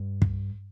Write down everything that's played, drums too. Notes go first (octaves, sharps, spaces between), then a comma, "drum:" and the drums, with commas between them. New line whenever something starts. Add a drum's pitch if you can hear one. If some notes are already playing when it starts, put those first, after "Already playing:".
Already playing: G2
drum: kick